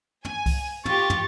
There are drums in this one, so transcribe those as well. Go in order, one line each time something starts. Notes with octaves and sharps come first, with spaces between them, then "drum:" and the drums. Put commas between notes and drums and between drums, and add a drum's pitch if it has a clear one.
G#5, drum: tom
drum: kick C2, open hi-hat
F4 G4 C#6 A6, drum: tom
drum: tom